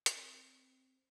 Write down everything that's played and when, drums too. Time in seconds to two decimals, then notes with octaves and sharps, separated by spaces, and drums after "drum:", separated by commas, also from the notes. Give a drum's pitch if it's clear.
0.06 drum: hi-hat
0.16 C4